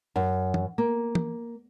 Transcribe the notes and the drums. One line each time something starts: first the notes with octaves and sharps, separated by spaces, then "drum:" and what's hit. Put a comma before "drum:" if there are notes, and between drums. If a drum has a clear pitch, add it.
F#2
drum: tom
A#3
drum: tom